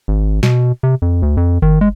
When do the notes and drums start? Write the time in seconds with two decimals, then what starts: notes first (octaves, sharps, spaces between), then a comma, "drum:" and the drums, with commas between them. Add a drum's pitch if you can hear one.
0.08 G#1
0.43 B2, drum: snare
0.83 C3
1.02 F2
1.22 D2
1.37 F2
1.62 D#3, drum: kick G1
1.81 G#3